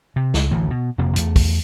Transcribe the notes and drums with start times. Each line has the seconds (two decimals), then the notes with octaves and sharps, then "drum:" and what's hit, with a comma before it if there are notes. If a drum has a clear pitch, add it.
0.16 C3
0.34 C#2, drum: snare
0.51 A1 D2 E3 A3
0.71 B2
0.98 F#1 F2 C3 A#3
1.16 E2 A3, drum: hi-hat
1.36 drum: kick, open hi-hat